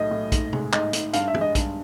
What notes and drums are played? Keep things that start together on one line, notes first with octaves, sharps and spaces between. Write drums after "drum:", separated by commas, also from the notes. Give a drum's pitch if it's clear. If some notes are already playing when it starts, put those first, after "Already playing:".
Already playing: B1 A2 F#3 D#5
A2
G#2, drum: kick A#1, hi-hat
G#3, drum: tom C3
G#2 D#5, drum: clap
G#2, drum: hi-hat
G2 F5, drum: hi-hat
E5
G#3, drum: tom
D#5
G2, drum: kick A#1, hi-hat